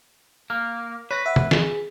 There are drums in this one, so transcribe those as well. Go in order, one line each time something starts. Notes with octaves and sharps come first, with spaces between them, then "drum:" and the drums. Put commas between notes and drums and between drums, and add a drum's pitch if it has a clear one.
A#3 F6
B4 C#5 A#6
E5 F#5
drum: tom
G#4, drum: snare